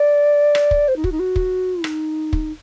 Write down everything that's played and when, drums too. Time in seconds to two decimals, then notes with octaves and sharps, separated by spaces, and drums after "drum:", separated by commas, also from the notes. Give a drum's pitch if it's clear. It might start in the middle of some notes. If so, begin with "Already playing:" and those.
Already playing: D5
0.55 drum: rim click
0.71 drum: kick
0.88 C5
0.96 D#4
1.04 F#4, drum: kick
1.11 D#4
1.19 F#4
1.36 drum: kick
1.84 D#4, drum: rim click
2.33 drum: kick